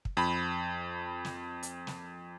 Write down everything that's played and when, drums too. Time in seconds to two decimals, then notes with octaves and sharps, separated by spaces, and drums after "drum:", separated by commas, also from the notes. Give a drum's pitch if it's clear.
0.05 drum: kick
0.17 F2 B5
1.25 drum: snare
1.63 drum: hi-hat
1.87 drum: snare